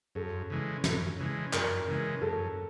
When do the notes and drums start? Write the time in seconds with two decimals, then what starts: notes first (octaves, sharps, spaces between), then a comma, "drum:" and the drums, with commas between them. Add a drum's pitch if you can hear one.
0.15 F#2 A4
0.50 C#3 E3 G#3
0.84 F#2, drum: snare
1.19 C#3 E3 G#3
1.53 F#2 A#4, drum: clap
1.88 C#3 E3 G#3
2.21 F#2 A4